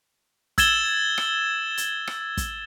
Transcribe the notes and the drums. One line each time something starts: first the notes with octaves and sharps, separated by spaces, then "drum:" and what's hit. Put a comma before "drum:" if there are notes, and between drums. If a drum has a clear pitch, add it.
E6 G#6 A6 E7 G7, drum: kick, hi-hat
drum: rim click
drum: hi-hat
drum: rim click
drum: kick, hi-hat